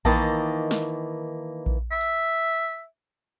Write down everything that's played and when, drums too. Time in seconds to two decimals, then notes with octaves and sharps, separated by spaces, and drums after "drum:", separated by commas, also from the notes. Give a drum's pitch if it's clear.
0.05 D#3 E3 A#3 D#5 A5, drum: kick A#1
0.71 drum: snare
1.66 drum: kick A#1
1.92 E5
2.01 drum: tambourine